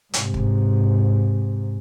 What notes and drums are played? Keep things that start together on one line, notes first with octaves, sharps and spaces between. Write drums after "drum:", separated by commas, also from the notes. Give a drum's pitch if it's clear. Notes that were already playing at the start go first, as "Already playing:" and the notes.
G#2 C3, drum: hi-hat
drum: kick